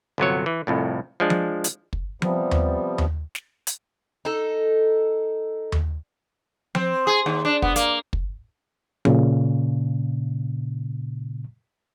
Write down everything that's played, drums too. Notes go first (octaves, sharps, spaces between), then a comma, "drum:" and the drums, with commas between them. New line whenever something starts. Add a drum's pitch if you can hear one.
G1 C3 F#3 C#5
E3
C2 F2 A2
F3 G#3 D4
drum: tom F3
drum: hi-hat
drum: kick
C3 F3 G3 B3, drum: tom F3
drum: tom D#2
drum: tom D#2
drum: snare
drum: hi-hat
D#4 A4
drum: tom D#2
C4, drum: tom F3
G#4
D#2
D4
B3, drum: kick
A#3, drum: hi-hat
drum: kick
A#2 C#3, drum: tom F3